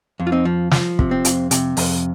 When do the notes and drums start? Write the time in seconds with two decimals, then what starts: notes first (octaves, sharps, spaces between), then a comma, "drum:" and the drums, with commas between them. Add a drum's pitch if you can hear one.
0.20 F2
0.27 F4
0.32 C4 D#4
0.45 F3
0.71 F3, drum: snare
0.99 C3, drum: kick
1.11 C4
1.25 F2, drum: hi-hat
1.51 C3, drum: hi-hat
1.77 F2, drum: open hi-hat